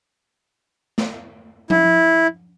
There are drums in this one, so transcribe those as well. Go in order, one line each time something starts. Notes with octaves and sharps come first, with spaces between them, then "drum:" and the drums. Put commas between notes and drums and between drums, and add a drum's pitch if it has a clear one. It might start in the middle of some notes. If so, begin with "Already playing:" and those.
drum: snare
E4, drum: tom F3